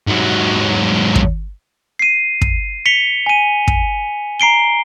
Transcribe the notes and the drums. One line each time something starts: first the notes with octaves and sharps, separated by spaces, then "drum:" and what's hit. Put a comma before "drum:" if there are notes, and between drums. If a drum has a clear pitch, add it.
G#2 F#3
drum: kick
C7 D#7
drum: kick
B6 C#7 F7 G7
G#5 D#7
drum: kick
A#5 C7 D7 G7